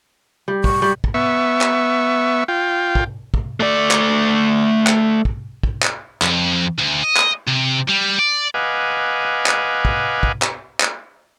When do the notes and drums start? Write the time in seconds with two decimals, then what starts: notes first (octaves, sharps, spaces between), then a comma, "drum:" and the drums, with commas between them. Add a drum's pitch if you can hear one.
0.48 G3
0.64 C#6, drum: kick
0.82 G3
1.04 drum: kick
1.14 B3 E5 C#6
1.61 drum: clap
2.48 F4 G5
2.95 drum: kick
3.34 drum: kick
3.60 A3 D5
3.91 drum: clap
4.87 drum: clap
5.25 drum: kick
5.63 drum: kick
5.83 drum: clap
6.22 F2, drum: clap
6.78 D2
7.03 D#5
7.17 drum: clap
7.47 C3
7.88 G3
8.19 D5
8.54 B4 D#5 F5 F#5 G#5 D6
9.46 drum: clap
9.85 drum: kick
10.23 drum: kick
10.42 drum: clap
10.81 drum: clap